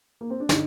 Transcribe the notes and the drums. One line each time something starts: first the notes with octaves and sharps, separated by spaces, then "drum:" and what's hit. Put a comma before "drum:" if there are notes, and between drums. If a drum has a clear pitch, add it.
A#3
C4
D4
D3 D#4, drum: snare